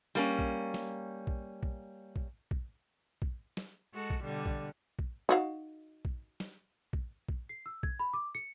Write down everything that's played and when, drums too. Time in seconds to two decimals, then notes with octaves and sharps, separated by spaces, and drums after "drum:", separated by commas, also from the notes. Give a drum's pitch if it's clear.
0.15 G3 A#3 C#4
0.39 drum: kick A#1
0.74 drum: snare
1.27 drum: kick A#1
1.63 drum: kick A#1
2.16 drum: kick A#1
2.51 drum: kick A#1
3.22 drum: kick A#1
3.57 drum: snare
3.93 G#3 F#4 A4
4.10 drum: kick A#1
4.23 B2 D3 G3
4.46 drum: kick A#1
4.99 drum: kick A#1
5.29 D#4 F#4 F5
6.05 drum: kick A#1
6.40 drum: snare
6.93 drum: kick A#1
7.29 drum: kick A#1
7.49 C7
7.66 E6
7.83 G#6, drum: kick A#1
7.99 B5
8.13 D6
8.35 C#7